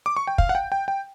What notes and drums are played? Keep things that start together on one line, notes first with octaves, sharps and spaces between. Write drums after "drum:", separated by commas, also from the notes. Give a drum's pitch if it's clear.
D6
C#6
G5
F5, drum: kick
F#5
G5
G5
G5